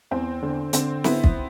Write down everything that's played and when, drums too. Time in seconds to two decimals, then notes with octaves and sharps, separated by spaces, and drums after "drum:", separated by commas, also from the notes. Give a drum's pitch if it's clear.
0.11 E2 C4
0.42 D3
0.73 D3 C4, drum: hi-hat
1.04 B3 E4, drum: snare
1.24 drum: kick